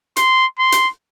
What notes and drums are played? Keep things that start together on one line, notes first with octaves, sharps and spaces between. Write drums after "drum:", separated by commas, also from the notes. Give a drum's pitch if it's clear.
C6, drum: hi-hat
C6
drum: hi-hat